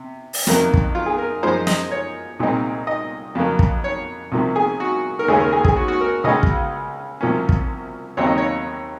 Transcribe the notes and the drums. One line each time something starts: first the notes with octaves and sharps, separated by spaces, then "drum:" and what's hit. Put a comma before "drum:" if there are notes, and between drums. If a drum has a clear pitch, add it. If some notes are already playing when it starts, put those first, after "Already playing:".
Already playing: C3
drum: open hi-hat
F2 C3 D#3 F#3 A#3, drum: snare
drum: kick
F4
G#4
A#4
F#2 F3 G#3 D#4 C5
D#5, drum: snare
C#5
C2 A#2 G#3 C4 D#4
D#5
F2 C#3 F#3 A#3
drum: kick
C#5
C2 C3 F3 A#3
G#4
F#4
A#4
D#2 C#3 G#3 C#4 G#4
A#4
G#4
G#4, drum: kick
F#4
F#4
A#4
C#2 C#3 G#3 C#4 D#5
drum: kick
C2 C3 F3 A#3 C#4
drum: kick
D#2 C#3 F#3 C4 D#4 C#5
D#5
C#5